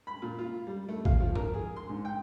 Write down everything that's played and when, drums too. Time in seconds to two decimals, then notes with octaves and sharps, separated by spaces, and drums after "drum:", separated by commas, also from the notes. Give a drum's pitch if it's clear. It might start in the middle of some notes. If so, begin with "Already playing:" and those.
0.07 B5
0.22 A#2
0.38 F4
0.67 G3
0.89 A3
1.05 F5, drum: kick
1.20 F3
1.35 A#4, drum: tom G2
1.54 G#4
1.76 C6
1.89 G#2
2.05 G5